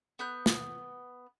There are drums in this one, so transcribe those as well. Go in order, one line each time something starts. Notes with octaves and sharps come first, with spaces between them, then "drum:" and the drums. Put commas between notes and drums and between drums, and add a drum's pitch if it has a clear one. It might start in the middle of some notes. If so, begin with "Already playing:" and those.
B3 F#6 G6
drum: snare